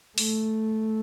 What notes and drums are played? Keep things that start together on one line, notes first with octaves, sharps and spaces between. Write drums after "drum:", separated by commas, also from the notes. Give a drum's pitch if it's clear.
A3, drum: open hi-hat